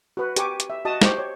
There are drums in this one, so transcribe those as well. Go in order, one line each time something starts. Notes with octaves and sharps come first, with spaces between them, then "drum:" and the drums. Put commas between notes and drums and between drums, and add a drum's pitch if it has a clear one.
F#4 B4
G4 A#4 G#5 C#6 D6, drum: hi-hat
drum: hi-hat
E5
F#4 D#5 A5 D#6
G4 C5 C#6 D6, drum: snare
C#5